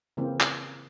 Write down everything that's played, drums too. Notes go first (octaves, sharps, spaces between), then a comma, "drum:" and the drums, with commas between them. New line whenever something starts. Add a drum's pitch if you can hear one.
C#3 E3 A#3 C4
drum: clap